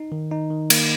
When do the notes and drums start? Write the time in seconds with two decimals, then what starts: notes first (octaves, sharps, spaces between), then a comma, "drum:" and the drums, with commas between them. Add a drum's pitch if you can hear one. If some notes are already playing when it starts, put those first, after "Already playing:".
Already playing: D#4
0.12 D#3
0.31 D#4
0.50 D#3
0.70 A#3, drum: cymbal